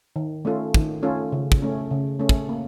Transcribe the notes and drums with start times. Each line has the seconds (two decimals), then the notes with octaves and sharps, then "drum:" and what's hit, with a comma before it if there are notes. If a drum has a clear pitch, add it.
0.16 D#3
0.45 A3 C#4 F4 A4
0.74 D#3, drum: kick
1.03 A3 C#4 F4 A4
1.32 C#3
1.52 drum: kick
1.62 A3 C#4
1.91 C#3
2.20 A3 C#4
2.29 drum: kick
2.49 A#3